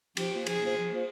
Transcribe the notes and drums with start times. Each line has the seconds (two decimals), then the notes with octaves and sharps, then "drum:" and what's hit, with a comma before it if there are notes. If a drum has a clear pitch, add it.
0.17 F3 G4, drum: cymbal
0.32 A#3 F4 C5
0.46 F3 G#4, drum: cymbal
0.61 A#3 F4 C5
0.76 F3
0.91 A#3 F4 C5